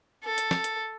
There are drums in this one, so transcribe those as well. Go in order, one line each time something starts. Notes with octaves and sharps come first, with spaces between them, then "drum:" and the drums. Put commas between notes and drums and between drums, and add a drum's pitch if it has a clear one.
A4
drum: hi-hat
drum: snare
drum: hi-hat